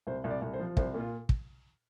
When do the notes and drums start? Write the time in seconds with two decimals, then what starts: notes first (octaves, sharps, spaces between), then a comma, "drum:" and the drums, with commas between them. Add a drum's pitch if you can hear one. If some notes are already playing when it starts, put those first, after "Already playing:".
0.07 C2 C5
0.24 C2
0.30 D5
0.42 C2
0.53 C5
0.59 F3
0.77 C2 C5, drum: kick
0.94 A#2
1.00 F4
1.29 drum: kick